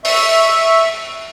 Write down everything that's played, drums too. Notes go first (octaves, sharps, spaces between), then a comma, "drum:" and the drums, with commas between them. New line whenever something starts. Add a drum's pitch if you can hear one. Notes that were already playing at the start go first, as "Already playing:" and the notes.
E5 C#6, drum: open hi-hat